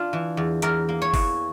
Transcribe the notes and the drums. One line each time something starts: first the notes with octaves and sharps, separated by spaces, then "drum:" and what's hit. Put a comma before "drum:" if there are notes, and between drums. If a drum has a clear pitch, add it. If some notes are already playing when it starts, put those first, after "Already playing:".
Already playing: D4 F4
E3
E2
E2 A#4, drum: hi-hat
A#3
C#5
E3, drum: kick F#1, open hi-hat